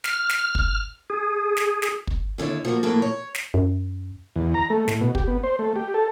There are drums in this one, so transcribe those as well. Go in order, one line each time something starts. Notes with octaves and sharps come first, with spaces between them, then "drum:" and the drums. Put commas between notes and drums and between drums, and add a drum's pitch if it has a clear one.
F6, drum: snare
drum: snare
drum: kick
G#4
drum: snare
drum: snare
drum: kick
D#2 D3 E4 C#5
F3 A#3 F#4
A2 F3 A#3 E4 A4
C#5
drum: snare
F#2
E2
A#5
A3
A2, drum: snare
B2
G4, drum: kick
B3
C5
A3
G4
A4